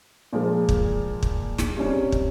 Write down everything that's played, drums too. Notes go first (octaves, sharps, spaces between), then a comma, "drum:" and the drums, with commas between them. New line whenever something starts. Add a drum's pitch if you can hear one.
A#2 F3 G#3
drum: kick
drum: kick
drum: snare
C3 G3 C#4
drum: kick